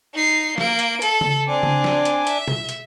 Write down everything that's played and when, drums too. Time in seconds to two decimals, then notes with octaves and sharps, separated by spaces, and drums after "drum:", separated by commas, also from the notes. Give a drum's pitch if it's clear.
0.14 D#4 C7
0.58 A#3 D7, drum: snare
0.79 drum: hi-hat
1.02 A4, drum: hi-hat
1.21 drum: tom C#3
1.48 C4 D4 G#5 D6
1.63 drum: tom C#3
1.84 drum: snare
2.05 drum: hi-hat
2.27 E5, drum: hi-hat
2.48 drum: tom
2.69 drum: hi-hat